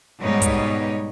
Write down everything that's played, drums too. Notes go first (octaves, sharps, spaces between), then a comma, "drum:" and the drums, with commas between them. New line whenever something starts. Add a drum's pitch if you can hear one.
G#2 B2 G3 B3 D#4 C#5
drum: kick, hi-hat